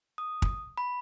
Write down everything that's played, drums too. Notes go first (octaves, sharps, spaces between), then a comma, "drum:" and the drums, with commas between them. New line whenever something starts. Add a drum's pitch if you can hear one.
D#6
drum: kick
B5